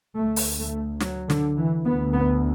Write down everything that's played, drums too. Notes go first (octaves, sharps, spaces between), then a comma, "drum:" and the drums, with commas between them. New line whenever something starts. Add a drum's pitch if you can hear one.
D2 A3
drum: open hi-hat
A3
F#3, drum: snare
D3, drum: snare
E3
D2 B3
B3